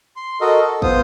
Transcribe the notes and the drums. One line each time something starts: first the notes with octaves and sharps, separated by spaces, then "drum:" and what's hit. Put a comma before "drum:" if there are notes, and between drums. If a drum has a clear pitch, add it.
C6
F#4 A4 A#4 D#5
A4
B3 F4 C5 D#6, drum: kick